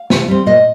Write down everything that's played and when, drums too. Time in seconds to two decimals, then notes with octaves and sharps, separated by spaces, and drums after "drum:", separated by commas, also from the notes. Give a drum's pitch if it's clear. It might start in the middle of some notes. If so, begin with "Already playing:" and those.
Already playing: F5
0.10 C3, drum: snare
0.28 G3 C4
0.46 A#2 D#5